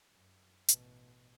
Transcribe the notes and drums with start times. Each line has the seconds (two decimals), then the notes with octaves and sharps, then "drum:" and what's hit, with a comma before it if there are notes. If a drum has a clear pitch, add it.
0.11 F#2
0.68 A1 B2, drum: hi-hat